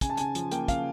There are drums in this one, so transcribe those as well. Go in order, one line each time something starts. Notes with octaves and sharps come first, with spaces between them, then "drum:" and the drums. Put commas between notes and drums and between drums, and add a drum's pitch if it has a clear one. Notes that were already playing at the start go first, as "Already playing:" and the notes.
C#3 G#5, drum: kick, hi-hat
A5
C#3 G#5, drum: hi-hat
F3, drum: hi-hat
A#3 G5, drum: hi-hat
C#3 F5, drum: kick, hi-hat